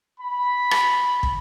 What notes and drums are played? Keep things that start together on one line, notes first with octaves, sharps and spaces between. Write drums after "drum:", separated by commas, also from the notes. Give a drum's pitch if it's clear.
B5
drum: rim click
drum: kick